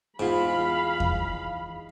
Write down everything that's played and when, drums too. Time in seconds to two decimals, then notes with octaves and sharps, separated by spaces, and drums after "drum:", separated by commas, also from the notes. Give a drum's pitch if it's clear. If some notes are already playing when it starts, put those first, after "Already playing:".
0.19 E2 G#2 F4 F5 B5
1.00 drum: kick E2